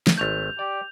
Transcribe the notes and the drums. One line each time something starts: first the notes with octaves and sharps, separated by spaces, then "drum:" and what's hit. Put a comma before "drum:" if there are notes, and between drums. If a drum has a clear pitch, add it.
drum: snare
G#1 A3 G6 F7
G4 D5